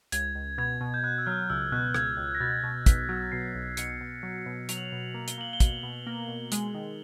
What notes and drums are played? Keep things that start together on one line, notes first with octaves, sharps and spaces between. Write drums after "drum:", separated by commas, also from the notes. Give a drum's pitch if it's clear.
C#2 G#6, drum: hi-hat
C#2
B2 G#6
B2
G6
B2 F#6
E6
F#3 F6
C#2 E6
B2 F#6
C#2 G#6, drum: rim click
C#2
A#6
B2 A6
B2
B1 B6, drum: kick, hi-hat
F#3
B2 C7
B1
B2 C#7, drum: hi-hat
B2
F#3
B2
F#3 F7, drum: hi-hat
F#7
F7
B2
A#3
G7, drum: hi-hat
A#3 F#7
G7
B2, drum: kick, hi-hat
B2
A#3
B2
G#3, drum: hi-hat
D#3